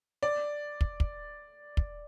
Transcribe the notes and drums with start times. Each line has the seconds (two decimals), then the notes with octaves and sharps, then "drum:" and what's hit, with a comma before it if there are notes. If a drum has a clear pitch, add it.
0.23 D5
0.81 drum: kick
1.00 drum: kick
1.77 drum: kick